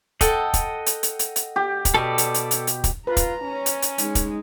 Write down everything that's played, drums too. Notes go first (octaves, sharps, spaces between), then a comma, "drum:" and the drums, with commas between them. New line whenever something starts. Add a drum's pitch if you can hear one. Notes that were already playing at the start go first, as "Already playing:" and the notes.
A4 D#5 F#5 G5, drum: kick, hi-hat
drum: kick, hi-hat
drum: hi-hat
drum: hi-hat
drum: hi-hat
drum: hi-hat
G4
drum: kick, hi-hat
B2 A4 D5
drum: hi-hat
drum: hi-hat
drum: hi-hat
drum: hi-hat
drum: kick, hi-hat
F4 B4 A#5
drum: kick, hi-hat
C#4
drum: hi-hat
drum: hi-hat
G#3 D#4, drum: hi-hat
drum: kick, hi-hat